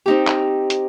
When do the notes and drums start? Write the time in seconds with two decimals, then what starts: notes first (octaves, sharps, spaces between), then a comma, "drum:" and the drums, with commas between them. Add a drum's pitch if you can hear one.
0.06 C4 D#4 G4
0.27 drum: clap
0.70 drum: hi-hat